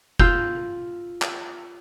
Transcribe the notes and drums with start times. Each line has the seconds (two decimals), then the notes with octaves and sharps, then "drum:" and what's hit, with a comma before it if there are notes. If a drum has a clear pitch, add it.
0.19 F4 E6 G6, drum: kick F1
1.22 drum: clap